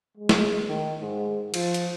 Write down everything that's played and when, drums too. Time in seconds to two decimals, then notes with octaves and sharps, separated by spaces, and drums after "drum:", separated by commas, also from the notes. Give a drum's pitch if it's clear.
0.17 G#3
0.29 drum: snare
0.68 D#3
1.02 G#2
1.54 F3, drum: cymbal
1.74 drum: hi-hat